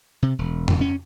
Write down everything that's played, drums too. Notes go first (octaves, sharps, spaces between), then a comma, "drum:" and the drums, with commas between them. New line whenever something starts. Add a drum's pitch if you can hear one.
C3
E1
drum: tom F2
C#4